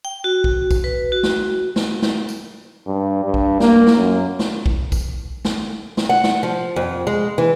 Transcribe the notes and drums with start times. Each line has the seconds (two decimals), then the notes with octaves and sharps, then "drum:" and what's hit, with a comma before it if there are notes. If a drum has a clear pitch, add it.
0.05 G5
0.24 F#4
0.44 drum: kick
0.71 drum: kick, tambourine
0.84 B4
1.12 F#4
1.23 drum: snare
1.76 drum: snare
2.02 drum: snare
2.29 drum: tambourine
2.87 G2
3.25 G2
3.34 drum: kick
3.60 A#3, drum: snare
3.87 drum: snare
3.96 F#2
4.39 drum: snare
4.66 drum: kick
4.92 drum: kick, tambourine
5.45 drum: snare
5.97 drum: snare
6.09 F#5
6.24 drum: snare
6.43 F3
6.76 F2
7.07 G#3
7.38 E3